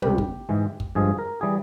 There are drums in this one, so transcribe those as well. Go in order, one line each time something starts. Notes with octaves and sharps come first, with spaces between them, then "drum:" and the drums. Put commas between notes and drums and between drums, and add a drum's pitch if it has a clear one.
C#2 C3 G3 G4, drum: tom
drum: kick
G#2 E3 G#3
drum: kick
G2 F3 G#3 G#4
A#4
E3 G3 G#4